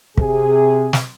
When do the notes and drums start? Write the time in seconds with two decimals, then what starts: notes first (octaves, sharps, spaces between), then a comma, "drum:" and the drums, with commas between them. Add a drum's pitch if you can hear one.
0.17 C3 G#4, drum: kick
0.93 drum: snare